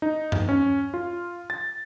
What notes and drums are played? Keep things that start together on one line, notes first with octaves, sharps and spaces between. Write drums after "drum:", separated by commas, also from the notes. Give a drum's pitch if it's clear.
D#4
drum: tom G2
C#4
F4
A6